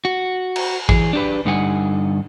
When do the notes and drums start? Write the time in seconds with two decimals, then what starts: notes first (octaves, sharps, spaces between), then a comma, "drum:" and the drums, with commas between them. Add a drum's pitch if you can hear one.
0.05 F#4
0.56 drum: cymbal
0.89 E3 G#4, drum: kick A1
1.13 D4 G4 B4
1.45 G2 D3 G3 D#4 F#5 G#5